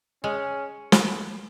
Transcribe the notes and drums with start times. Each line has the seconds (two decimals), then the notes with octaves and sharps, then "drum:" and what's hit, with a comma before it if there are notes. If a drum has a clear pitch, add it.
0.24 G#3 C#4
0.92 drum: snare